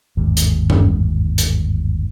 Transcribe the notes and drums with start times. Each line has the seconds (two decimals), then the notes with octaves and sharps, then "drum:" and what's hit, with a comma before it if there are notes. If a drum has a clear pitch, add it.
0.17 G1 D#2 G#2
0.37 drum: hi-hat
0.70 drum: tom F#2
1.38 drum: hi-hat